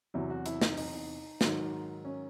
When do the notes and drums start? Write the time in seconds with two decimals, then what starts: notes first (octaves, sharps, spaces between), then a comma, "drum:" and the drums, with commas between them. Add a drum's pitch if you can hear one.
0.14 E2 C3 F#3 E4
0.30 F#4
0.46 E4, drum: hi-hat
0.62 D#4, drum: snare
0.77 D#4, drum: open hi-hat
1.41 G#2 D#3 F#3, drum: snare
2.05 C#4